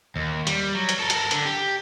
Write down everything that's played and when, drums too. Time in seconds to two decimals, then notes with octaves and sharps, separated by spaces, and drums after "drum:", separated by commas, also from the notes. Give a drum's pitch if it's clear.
0.16 D#2
0.47 G3, drum: hi-hat
0.75 F#3
0.89 drum: hi-hat
0.99 A4 A#4
1.10 drum: hi-hat
1.31 D3, drum: hi-hat
1.45 G4